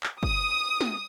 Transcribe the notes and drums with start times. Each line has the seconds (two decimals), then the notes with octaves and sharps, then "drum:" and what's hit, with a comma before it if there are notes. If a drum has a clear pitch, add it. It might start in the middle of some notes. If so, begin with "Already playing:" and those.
0.03 drum: clap
0.23 D#6, drum: kick G1
0.81 drum: snare